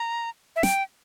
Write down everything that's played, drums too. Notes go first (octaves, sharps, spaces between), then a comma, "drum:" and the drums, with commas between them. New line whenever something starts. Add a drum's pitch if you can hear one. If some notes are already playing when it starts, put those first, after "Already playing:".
Already playing: A#5
E5
G5, drum: snare